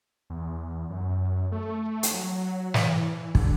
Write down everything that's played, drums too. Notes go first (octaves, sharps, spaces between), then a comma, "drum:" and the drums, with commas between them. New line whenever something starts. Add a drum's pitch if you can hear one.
E2
F#2
A3
drum: hi-hat
F#3
E3, drum: snare
D3, drum: kick